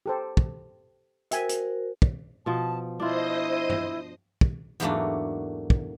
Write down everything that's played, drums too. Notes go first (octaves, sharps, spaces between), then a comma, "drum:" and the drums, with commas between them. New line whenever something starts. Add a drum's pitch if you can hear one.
G4 A4 C5
drum: kick
F#4 A#4 C5 E5 G5 G#5, drum: hi-hat
drum: hi-hat
drum: kick
B2 F3 A5
D4 E4 F4 C5 D#5 D#6
drum: tom
drum: kick
E2 G#2 F#3 A3 A#3 D4
drum: kick